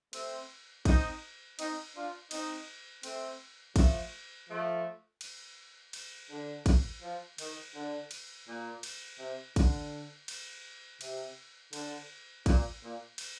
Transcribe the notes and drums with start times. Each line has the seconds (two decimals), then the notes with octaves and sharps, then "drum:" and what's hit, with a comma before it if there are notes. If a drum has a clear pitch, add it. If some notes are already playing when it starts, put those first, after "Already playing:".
0.13 A3 C4, drum: cymbal
0.85 C4 D#4, drum: kick, cymbal
1.59 C4 D#4, drum: cymbal
1.94 D4 F4
2.31 C4 D#4, drum: cymbal
3.03 A3 C4, drum: cymbal
3.76 F3 A3, drum: kick, cymbal
4.49 F3 A3
5.21 drum: cymbal
5.93 drum: cymbal
6.30 D3
6.66 drum: kick, cymbal
7.02 F3
7.38 D#3, drum: cymbal
7.74 D3
8.11 drum: cymbal
8.47 A#2
8.83 drum: cymbal
9.19 C3
9.56 D3, drum: kick, cymbal
10.28 drum: cymbal
11.01 C3, drum: cymbal
11.73 D3, drum: cymbal
12.46 A#2, drum: kick, cymbal
12.81 A#2
13.18 drum: cymbal